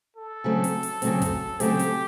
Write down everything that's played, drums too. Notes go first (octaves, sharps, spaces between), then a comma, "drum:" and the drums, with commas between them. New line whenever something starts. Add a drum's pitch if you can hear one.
A4
C#3 F#3 A3 C4
drum: hi-hat
drum: hi-hat
C#3 F#3 A3 C4, drum: hi-hat
drum: kick, hi-hat
C#3 F#3 A3 C4 G4, drum: hi-hat
drum: hi-hat